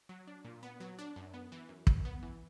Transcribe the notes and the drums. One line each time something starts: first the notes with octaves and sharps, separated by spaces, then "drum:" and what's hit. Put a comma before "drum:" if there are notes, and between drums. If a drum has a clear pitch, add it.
F#3
D4
A#2
B3
F#3
D4
F#2
B3
E3
F#2
F#2, drum: kick
B3
E3